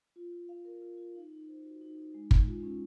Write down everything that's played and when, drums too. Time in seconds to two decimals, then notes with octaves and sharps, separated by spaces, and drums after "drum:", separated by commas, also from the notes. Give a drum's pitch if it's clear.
0.16 F4
0.32 F4
0.49 F5
0.65 A#4
0.82 F4
0.98 F4
1.15 D#4
1.31 D#4
1.48 C5
1.65 F#4
1.81 D#4
1.97 D#4
2.14 G#3
2.31 G#3, drum: kick
2.47 F4
2.63 C#4